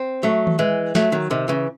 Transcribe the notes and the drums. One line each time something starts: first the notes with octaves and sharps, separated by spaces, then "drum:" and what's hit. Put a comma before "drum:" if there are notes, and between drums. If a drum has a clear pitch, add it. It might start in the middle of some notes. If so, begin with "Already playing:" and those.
Already playing: C4
F#3 A3
drum: tom D#3
E3 G#3
F#3 A3, drum: snare
D#3 F#3
C3 D#3
C#3 E3